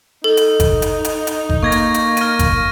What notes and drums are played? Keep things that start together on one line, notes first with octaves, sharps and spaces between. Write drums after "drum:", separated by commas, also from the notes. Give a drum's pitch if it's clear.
D#4 A4
drum: hi-hat
drum: kick G1, hi-hat
drum: hi-hat
drum: hi-hat
drum: hi-hat
drum: kick G1
A#3 C#6 G#6 A#6
drum: hi-hat
drum: hi-hat
F6 A#6 D#7, drum: hi-hat
drum: kick G1, hi-hat